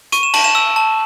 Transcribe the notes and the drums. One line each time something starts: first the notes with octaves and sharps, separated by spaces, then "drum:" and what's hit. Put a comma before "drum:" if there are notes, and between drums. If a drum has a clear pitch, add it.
C#6 D#7, drum: hi-hat
E7
A5 F#7, drum: cymbal
E7
E6 E7
A5